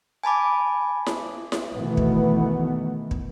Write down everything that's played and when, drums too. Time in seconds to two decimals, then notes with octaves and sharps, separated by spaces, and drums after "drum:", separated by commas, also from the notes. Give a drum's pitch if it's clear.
0.24 G#5 A5 B5 D6
1.06 drum: snare E4
1.52 drum: snare E4
1.75 B2 D#3 E3 A3 B3
1.97 drum: kick
3.11 drum: kick